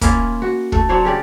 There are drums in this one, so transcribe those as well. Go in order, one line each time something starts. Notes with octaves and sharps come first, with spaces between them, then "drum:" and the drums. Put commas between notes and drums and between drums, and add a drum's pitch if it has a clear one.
A#3 C#4 E4 F4, drum: kick, hi-hat
F#4
A3 A4, drum: kick
F#3 D4 C5 C#5
C#3 C#4 G4 D5